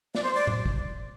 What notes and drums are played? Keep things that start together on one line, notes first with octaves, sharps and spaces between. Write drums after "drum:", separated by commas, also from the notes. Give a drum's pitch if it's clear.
D5, drum: snare
C5
D5
drum: tom A2
drum: kick